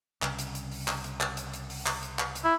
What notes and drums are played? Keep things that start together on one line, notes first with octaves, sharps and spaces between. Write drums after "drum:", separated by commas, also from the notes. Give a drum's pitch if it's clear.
C2 C#3, drum: clap
drum: hi-hat
drum: hi-hat
drum: open hi-hat
drum: clap
drum: hi-hat
drum: clap
drum: hi-hat
drum: hi-hat
drum: open hi-hat
drum: clap
drum: hi-hat
drum: clap
drum: hi-hat
E4